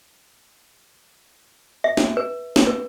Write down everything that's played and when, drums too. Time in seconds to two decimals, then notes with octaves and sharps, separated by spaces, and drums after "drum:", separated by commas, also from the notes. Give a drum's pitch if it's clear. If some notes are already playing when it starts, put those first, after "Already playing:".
1.84 E5
1.97 drum: snare
2.17 B4
2.56 drum: snare
2.67 B4